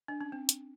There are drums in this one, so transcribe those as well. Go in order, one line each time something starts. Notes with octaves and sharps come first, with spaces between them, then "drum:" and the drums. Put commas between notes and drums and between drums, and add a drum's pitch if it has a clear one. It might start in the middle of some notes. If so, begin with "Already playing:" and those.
D4
C#4
C4
drum: hi-hat